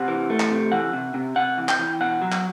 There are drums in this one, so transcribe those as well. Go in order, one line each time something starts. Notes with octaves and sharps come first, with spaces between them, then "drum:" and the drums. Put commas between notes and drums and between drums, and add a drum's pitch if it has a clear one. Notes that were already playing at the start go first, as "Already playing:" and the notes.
Already playing: C3 F#5
E3
A3
drum: clap
C3
E3 F#5
C3
C3
C3 F#5
E3
G5, drum: clap
E3
B2 F#5
F#3
drum: clap